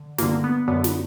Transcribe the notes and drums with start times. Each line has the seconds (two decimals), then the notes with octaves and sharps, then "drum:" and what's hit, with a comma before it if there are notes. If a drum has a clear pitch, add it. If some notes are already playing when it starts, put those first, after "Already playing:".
Already playing: D3
0.18 G2 D3 A#3, drum: snare
0.44 B3
0.68 F#2 D3 B3
0.84 drum: snare